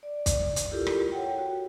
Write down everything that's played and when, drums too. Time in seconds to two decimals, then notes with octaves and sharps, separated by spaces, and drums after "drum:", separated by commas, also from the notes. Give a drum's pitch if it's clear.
0.03 D5
0.26 drum: kick, hi-hat
0.56 drum: hi-hat
0.71 E4 F4 G4 A4 A#4
0.87 drum: rim click
1.12 C#5 F#5 G5
1.38 F#4